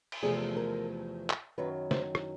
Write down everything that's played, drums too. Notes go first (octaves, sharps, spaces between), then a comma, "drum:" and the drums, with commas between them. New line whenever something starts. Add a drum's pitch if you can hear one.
drum: cymbal
E2 C3 F3 A3 G#4
A#4
drum: clap
F#2 D#3 F#3 B4
C5, drum: snare
drum: rim click